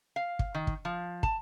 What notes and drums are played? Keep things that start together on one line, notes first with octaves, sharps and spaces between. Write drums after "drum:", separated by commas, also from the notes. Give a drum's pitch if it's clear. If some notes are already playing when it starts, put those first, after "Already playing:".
F5
drum: kick
D#3
drum: kick
F3
A5, drum: kick